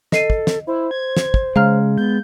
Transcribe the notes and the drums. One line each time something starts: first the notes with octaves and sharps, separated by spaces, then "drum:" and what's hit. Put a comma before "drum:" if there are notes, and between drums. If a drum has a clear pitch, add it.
A4 D#5 C7 D#7, drum: snare
drum: kick
drum: snare
E4 C5
G#6
drum: snare
drum: kick
C#3 G#3 F5 A#5 F6
B3 G6